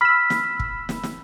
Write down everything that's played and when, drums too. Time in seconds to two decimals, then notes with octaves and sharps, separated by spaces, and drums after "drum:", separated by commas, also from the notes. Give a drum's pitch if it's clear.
0.01 B5 E6 F6 B6
0.30 drum: snare
0.60 drum: kick
0.89 drum: snare
1.03 drum: snare